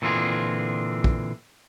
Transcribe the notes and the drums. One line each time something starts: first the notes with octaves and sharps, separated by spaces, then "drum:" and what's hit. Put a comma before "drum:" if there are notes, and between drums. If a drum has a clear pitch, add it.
A#2 D3 E3 C4 F4 G#4
drum: kick